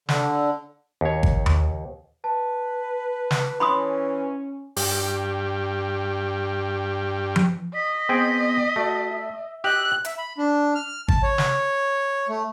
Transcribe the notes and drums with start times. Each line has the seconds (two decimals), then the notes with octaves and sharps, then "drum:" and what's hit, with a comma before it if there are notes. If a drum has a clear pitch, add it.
0.09 D3, drum: snare
1.01 D#2 C#5
1.23 drum: kick G#1
1.46 drum: tom D#2
2.24 B4 A5
3.31 drum: snare
3.60 E3 C#4 B5 C6 D#6
4.76 G2 G4, drum: open hi-hat
7.36 drum: tom F3
7.74 D#5 B6
8.09 B3 C4 G#4 G5
8.76 A3 F#4
9.11 E5
9.64 G4 D#5 E6 F#6
10.05 E5, drum: hi-hat
10.18 B5
10.38 D4
10.75 F6
11.08 A5, drum: kick G#1
11.23 C#5
11.38 drum: snare
12.29 A3